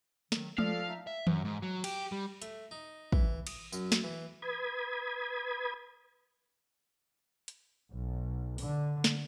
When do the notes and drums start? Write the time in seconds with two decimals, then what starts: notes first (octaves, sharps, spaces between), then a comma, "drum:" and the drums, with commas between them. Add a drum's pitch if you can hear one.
0.32 D#3 F#3, drum: snare
0.58 F3 A4 D5 F5, drum: tom G#3
0.89 D#4 E5
1.07 E5
1.27 F#2, drum: tom D#3
1.45 G#2
1.62 F#3
1.84 G4, drum: cymbal
2.12 G3
2.42 A3, drum: hi-hat
2.71 D#4
3.13 E3, drum: kick
3.47 D#6, drum: cymbal
3.73 F#2, drum: tambourine
3.92 drum: snare
4.04 E3
4.42 B4 B5 D#6 G#6
7.48 drum: hi-hat
7.90 B1
8.58 D3, drum: open hi-hat
9.04 drum: snare